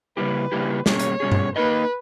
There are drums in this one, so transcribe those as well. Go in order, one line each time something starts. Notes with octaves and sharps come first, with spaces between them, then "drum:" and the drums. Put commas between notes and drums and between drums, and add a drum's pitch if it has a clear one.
C#3 G3 A#3 E4 G4 B4
C#3 G3 A#3 E4 G4
B2 G3 A#3 C#4 G#4 C#5, drum: snare
drum: hi-hat
B2 G3 A#3 C#4 G#4
drum: tom G2
A#3 D#4 A#4 B4 D#5